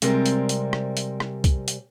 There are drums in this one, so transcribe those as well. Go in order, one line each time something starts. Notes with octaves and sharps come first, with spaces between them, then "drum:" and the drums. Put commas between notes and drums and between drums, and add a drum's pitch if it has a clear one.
C3 G3 G#3 C4 A#4, drum: hi-hat
drum: hi-hat
drum: hi-hat
drum: rim click
drum: hi-hat
drum: rim click
drum: kick, hi-hat
drum: hi-hat